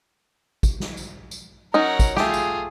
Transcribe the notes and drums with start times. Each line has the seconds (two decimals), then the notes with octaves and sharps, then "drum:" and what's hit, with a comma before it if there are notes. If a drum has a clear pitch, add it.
0.63 drum: kick, tambourine
0.80 drum: snare
0.97 drum: tambourine
1.31 drum: tambourine
1.74 F#3 C#4 D#4 A#4 F#5
2.00 drum: kick, tambourine
2.17 A3 F4 G4 G#4, drum: snare
2.34 drum: tambourine